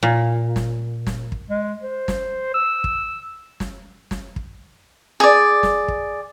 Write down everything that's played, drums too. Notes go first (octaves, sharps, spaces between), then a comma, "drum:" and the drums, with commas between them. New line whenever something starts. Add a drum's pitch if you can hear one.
A#2
drum: snare
drum: snare
drum: kick
G#3
C5
drum: snare
E6
drum: kick
drum: snare
drum: snare
drum: kick
G#4 D5
drum: snare
drum: kick